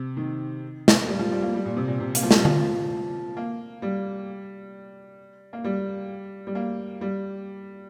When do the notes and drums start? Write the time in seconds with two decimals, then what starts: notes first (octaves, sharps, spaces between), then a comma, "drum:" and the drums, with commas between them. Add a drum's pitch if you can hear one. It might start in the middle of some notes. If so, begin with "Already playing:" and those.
Already playing: C3
0.17 D#3
0.88 drum: snare
1.08 G3
1.19 F3
1.31 G3
1.42 A#3
1.55 G3
1.65 A#2
1.77 C3
1.88 A#2
2.00 C3
2.15 A#3, drum: hi-hat
2.23 F3
2.31 G3, drum: snare
2.45 F3, drum: tom D3
3.37 A#3
3.82 G3
5.53 A#3
5.64 G3
6.47 G3
6.55 A#3
7.01 G3